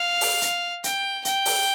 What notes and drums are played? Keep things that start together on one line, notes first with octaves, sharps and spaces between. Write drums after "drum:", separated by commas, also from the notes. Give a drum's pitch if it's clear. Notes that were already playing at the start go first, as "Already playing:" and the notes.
Already playing: F5
drum: open hi-hat
drum: hi-hat
G5, drum: hi-hat
G5, drum: hi-hat
drum: open hi-hat